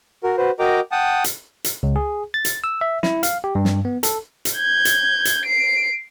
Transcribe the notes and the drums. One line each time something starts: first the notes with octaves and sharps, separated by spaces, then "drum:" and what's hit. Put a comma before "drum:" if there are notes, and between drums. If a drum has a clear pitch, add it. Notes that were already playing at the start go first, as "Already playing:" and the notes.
F#4 A#4
F#4 B4 C5
F#4 A#4 D#5 G5 A#5 D6
F#5 G5 A5 D#6
drum: hi-hat
drum: hi-hat
C#2
G#4
A6
drum: hi-hat
E6
E5
E4, drum: snare
F5, drum: hi-hat
G4
G2
drum: snare
B3
A4, drum: hi-hat
drum: hi-hat
G6 G#6
drum: hi-hat
drum: hi-hat
C7 D7